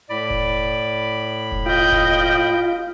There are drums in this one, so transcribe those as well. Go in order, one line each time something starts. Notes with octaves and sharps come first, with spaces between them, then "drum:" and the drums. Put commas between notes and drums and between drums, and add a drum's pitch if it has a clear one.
A2 D5 B5
drum: kick E1
drum: kick E1
F4 D#5 G5 G6
drum: kick E1